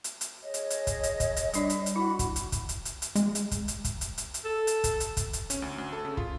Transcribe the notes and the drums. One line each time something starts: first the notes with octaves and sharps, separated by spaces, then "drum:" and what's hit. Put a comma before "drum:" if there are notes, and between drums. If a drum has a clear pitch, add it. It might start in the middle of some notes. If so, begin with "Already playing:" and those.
drum: hi-hat
drum: hi-hat
G#4 C#5 D#5
drum: hi-hat
drum: hi-hat
drum: kick, hi-hat
drum: hi-hat
drum: kick, hi-hat
drum: hi-hat
G3 D4 D5, drum: hi-hat
drum: hi-hat
drum: hi-hat
E4 F#4 B5
drum: kick, hi-hat
drum: hi-hat
drum: kick, hi-hat
drum: hi-hat
drum: hi-hat
drum: hi-hat
G#3, drum: hi-hat
drum: hi-hat
drum: kick, hi-hat
drum: hi-hat
drum: kick, hi-hat
drum: hi-hat
drum: hi-hat
drum: hi-hat
A4
drum: hi-hat
drum: kick, hi-hat
drum: hi-hat
drum: kick, hi-hat
drum: hi-hat
C#4, drum: hi-hat
D2
D2
A4
C#3
F4, drum: kick